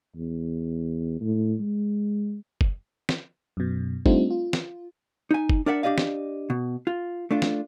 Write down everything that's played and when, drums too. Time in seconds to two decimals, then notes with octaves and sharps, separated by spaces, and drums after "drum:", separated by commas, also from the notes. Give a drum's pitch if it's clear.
0.15 E2
1.21 A2
1.60 G#3
2.61 drum: kick F#1
3.09 drum: snare
3.57 F#2 B2
4.06 G3 A3 C4 D4 D#4 F4, drum: kick F#1
4.30 F4
4.53 drum: snare
5.31 D#4 G#5
5.49 drum: kick F#1
5.66 D4 A#4 D5 E5 F#5
5.83 D4 G4 D5 D#5 F5
5.98 drum: snare
6.50 B2
6.87 F4
7.31 A3 D4 F4
7.42 drum: snare